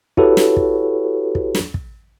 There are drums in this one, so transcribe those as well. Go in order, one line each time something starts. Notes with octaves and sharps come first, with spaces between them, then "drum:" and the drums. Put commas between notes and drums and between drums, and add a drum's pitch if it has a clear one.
E4 F#4 G4 A4 B4 C#5, drum: kick
drum: snare
drum: kick
drum: kick
drum: snare
drum: kick